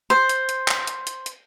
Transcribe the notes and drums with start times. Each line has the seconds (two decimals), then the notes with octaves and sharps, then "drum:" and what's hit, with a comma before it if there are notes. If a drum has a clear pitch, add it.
0.10 C5
0.29 drum: hi-hat
0.49 drum: hi-hat
0.68 drum: clap
0.87 drum: hi-hat
1.07 drum: hi-hat
1.26 drum: hi-hat